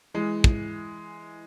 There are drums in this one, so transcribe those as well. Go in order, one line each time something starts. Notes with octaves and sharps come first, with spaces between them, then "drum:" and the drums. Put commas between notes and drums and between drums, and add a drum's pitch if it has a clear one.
E3 G#3
drum: kick